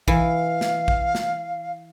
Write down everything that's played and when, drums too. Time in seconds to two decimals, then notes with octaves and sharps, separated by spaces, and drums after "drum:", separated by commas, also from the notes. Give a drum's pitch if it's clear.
0.08 E3 F5, drum: kick A#1
0.61 drum: snare
0.88 drum: kick A#1
1.15 drum: snare